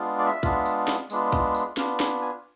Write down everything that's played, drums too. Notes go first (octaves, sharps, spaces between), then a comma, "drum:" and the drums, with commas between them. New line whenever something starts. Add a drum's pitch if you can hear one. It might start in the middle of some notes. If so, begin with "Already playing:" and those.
Already playing: G#3 B3 D4 F4
D5
E5
G#3 B3 D4 F4, drum: kick B1
drum: tambourine
drum: snare
G#3 B3 D4 F4, drum: tambourine
drum: kick B1
drum: tambourine
B3 D4 F4 F5, drum: snare
G#5, drum: snare
G#5